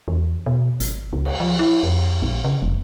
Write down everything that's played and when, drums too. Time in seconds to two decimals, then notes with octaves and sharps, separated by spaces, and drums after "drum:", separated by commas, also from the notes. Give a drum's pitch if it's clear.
0.08 E2
0.46 B2
0.80 G#1, drum: hi-hat
1.13 C#2
1.25 drum: cymbal
1.40 F3
1.59 E4
1.83 F2
2.22 A#1
2.44 C#3
2.62 F1